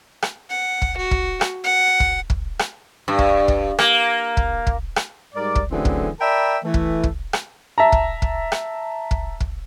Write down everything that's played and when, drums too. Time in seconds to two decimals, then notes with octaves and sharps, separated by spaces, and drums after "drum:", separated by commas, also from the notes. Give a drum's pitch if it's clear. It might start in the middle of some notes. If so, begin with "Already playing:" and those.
0.22 drum: rim click
0.50 F#5
0.82 drum: kick
0.97 F#4
1.11 drum: kick
1.41 drum: rim click
1.64 F#5
2.00 drum: kick
2.30 drum: kick
2.59 drum: rim click
3.08 G2
3.19 drum: kick
3.48 drum: kick
3.79 A#3, drum: rim click
4.37 drum: kick
4.67 drum: kick
4.96 drum: rim click
5.35 G#2 G3 A#4 D5
5.56 drum: kick
5.71 F#2 A2 D3 E3 C4 G#4
5.85 drum: kick
6.21 A#4 D5 E5 G5 A5 B5
6.63 E3 A3
6.74 drum: kick
7.04 drum: kick
7.33 drum: rim click
7.78 E5 A5 A#5
7.92 drum: kick
8.22 drum: kick
8.52 drum: rim click
9.11 drum: kick
9.41 drum: kick